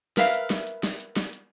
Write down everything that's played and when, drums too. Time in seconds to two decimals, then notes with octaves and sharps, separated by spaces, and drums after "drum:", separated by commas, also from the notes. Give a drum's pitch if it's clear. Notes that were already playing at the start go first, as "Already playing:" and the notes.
0.17 A#4 B4 E5 F5, drum: snare
0.34 drum: hi-hat
0.50 drum: snare
0.67 drum: hi-hat
0.83 drum: snare
1.00 drum: hi-hat
1.16 drum: snare
1.33 drum: hi-hat